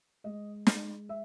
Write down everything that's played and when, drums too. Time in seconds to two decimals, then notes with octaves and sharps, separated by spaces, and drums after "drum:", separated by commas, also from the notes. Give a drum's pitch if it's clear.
0.24 G#3 D#5
0.67 G#3, drum: snare
1.09 E5